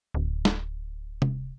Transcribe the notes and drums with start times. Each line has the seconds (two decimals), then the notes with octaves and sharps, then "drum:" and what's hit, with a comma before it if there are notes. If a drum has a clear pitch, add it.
0.14 D1
0.45 drum: snare
1.22 drum: tom